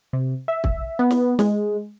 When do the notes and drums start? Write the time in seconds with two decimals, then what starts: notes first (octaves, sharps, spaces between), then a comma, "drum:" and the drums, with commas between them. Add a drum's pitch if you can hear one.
0.13 C3
0.48 E5
0.64 drum: kick
0.99 B3
1.11 drum: snare
1.39 G#3, drum: snare